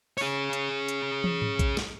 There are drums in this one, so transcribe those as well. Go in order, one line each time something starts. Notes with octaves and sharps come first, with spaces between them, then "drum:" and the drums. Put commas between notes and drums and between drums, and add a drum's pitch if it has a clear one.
G#4 C#5, drum: open hi-hat
drum: hi-hat
drum: hi-hat
drum: tom
drum: tom G#2
drum: kick A#1, hi-hat
drum: snare